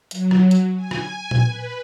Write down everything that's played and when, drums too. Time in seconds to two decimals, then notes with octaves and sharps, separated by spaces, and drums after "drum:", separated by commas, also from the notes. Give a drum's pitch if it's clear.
0.11 F#3, drum: hi-hat
0.31 drum: rim click
0.51 drum: hi-hat
0.75 G#5
0.91 drum: rim click
1.31 drum: tom A#2
1.43 B4